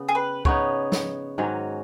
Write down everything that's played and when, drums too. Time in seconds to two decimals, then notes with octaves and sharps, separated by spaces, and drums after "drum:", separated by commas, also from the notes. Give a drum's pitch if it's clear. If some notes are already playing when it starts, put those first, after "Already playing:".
Already playing: C#3 B3
0.09 G#4
0.15 B4
0.45 C#3 B3 D#4 C#5, drum: kick
0.92 drum: snare
1.38 G#2 D#3 F#3 C#4